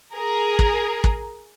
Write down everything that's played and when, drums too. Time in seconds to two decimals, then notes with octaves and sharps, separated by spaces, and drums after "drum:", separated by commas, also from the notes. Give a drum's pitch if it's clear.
0.14 G#4 A#4
0.59 drum: kick
1.04 drum: kick